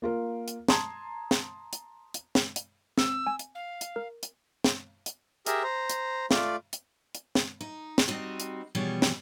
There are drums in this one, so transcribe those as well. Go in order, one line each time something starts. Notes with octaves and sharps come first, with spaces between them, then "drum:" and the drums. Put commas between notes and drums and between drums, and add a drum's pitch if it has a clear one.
A#3 F4 A#4
drum: hi-hat
A5 A#5 C6 D#6 G#6, drum: snare
drum: snare
drum: hi-hat
drum: hi-hat
drum: snare
drum: hi-hat
C4 E6, drum: snare
G#5
drum: hi-hat
F5
drum: hi-hat
A#4
drum: hi-hat
drum: snare
drum: hi-hat
G4 G#4 A#4 E5, drum: hi-hat
C5 A#5
drum: hi-hat
A3 F4 D5, drum: snare
drum: hi-hat
drum: hi-hat
drum: snare
D#4
drum: snare
G3 C4 D#4 F#4 D#5
drum: hi-hat
B2 E3 F3 G3 C#4 G#4
drum: snare